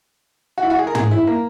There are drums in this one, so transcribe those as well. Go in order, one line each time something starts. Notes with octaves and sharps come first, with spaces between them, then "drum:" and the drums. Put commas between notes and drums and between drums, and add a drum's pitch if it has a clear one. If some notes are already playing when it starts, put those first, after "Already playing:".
F#4
E4
F#4
G#4
A#4
G#4, drum: tom
E4
A#3